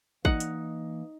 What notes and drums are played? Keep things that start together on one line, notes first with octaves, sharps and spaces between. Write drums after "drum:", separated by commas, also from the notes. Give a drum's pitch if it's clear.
E3 A#3 D#4 F#5, drum: kick
drum: hi-hat